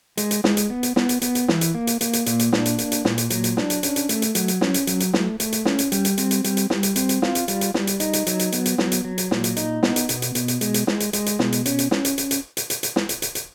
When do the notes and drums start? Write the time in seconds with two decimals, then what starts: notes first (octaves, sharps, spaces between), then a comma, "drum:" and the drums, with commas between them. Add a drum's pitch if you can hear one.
0.17 G#3, drum: hi-hat
0.31 drum: hi-hat
0.44 G#3, drum: snare
0.57 drum: hi-hat
0.70 B3
0.83 drum: hi-hat
0.96 B3, drum: snare
1.09 drum: hi-hat
1.22 B3, drum: hi-hat
1.35 drum: hi-hat
1.48 E3, drum: snare
1.61 drum: hi-hat
1.75 A#3
1.87 drum: hi-hat
2.01 A#3, drum: hi-hat
2.13 drum: hi-hat
2.26 A#2, drum: hi-hat
2.39 drum: hi-hat
2.53 D4, drum: snare
2.66 drum: hi-hat
2.79 A#3, drum: hi-hat
2.92 drum: hi-hat
3.05 A#2, drum: snare
3.18 drum: hi-hat
3.30 F#3, drum: hi-hat
3.44 drum: hi-hat
3.57 D4, drum: snare
3.70 drum: hi-hat
3.83 C#4, drum: hi-hat
3.96 drum: hi-hat
4.09 A3, drum: hi-hat
4.22 drum: hi-hat
4.35 F#3, drum: hi-hat
4.48 drum: hi-hat
4.61 C#4, drum: snare
4.74 drum: hi-hat
4.87 F#3, drum: hi-hat
5.00 drum: hi-hat
5.14 A3, drum: snare
5.40 A3, drum: hi-hat
5.52 drum: hi-hat
5.65 C#4, drum: snare
5.79 drum: hi-hat
5.92 G3, drum: hi-hat
6.05 drum: hi-hat
6.18 C4, drum: hi-hat
6.31 drum: hi-hat
6.44 G3, drum: hi-hat
6.57 drum: hi-hat
6.70 G3, drum: snare
6.83 drum: hi-hat
6.96 C4, drum: hi-hat
7.09 drum: hi-hat
7.22 F4, drum: snare
7.35 drum: hi-hat
7.48 G3, drum: hi-hat
7.61 drum: hi-hat
7.74 G3, drum: snare
7.87 drum: hi-hat
8.00 D#4, drum: hi-hat
8.13 drum: hi-hat
8.27 F#3, drum: hi-hat
8.39 drum: hi-hat
8.52 B3, drum: hi-hat
8.66 drum: hi-hat
8.78 F#3, drum: snare
8.92 drum: hi-hat
9.05 F#3
9.18 drum: hi-hat
9.31 A#2, drum: snare
9.44 drum: hi-hat
9.57 D#4, drum: hi-hat
9.83 B3, drum: snare
9.96 drum: hi-hat
10.09 B2, drum: hi-hat
10.22 drum: hi-hat
10.35 B2, drum: hi-hat
10.48 drum: hi-hat
10.61 G#3, drum: hi-hat
10.74 drum: hi-hat
10.87 G#3, drum: snare
11.00 drum: hi-hat
11.13 G#3, drum: hi-hat
11.26 drum: hi-hat
11.39 B2, drum: snare
11.52 drum: hi-hat
11.66 C#4, drum: hi-hat
11.79 drum: hi-hat
11.91 C#4, drum: snare
12.05 drum: hi-hat
12.18 drum: hi-hat
12.31 drum: hi-hat
12.57 drum: hi-hat
12.70 drum: hi-hat
12.83 drum: hi-hat
12.96 drum: snare
13.09 drum: hi-hat
13.22 drum: hi-hat
13.35 drum: hi-hat